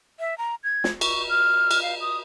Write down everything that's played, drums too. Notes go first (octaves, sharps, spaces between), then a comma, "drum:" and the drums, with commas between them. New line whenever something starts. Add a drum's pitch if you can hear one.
E5
A#5
G#6
drum: snare
C#6, drum: cymbal
F6
drum: cymbal
F5
D#6